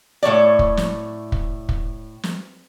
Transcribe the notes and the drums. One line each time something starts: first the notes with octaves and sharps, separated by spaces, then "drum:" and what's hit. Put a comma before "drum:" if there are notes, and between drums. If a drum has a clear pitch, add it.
A2 F3 C#5 D5
drum: kick
drum: snare
drum: kick
drum: kick
drum: snare